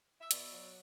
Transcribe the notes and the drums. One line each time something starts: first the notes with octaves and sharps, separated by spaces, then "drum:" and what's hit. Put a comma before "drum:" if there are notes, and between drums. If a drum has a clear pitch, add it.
E5
B2 D5, drum: hi-hat
F#3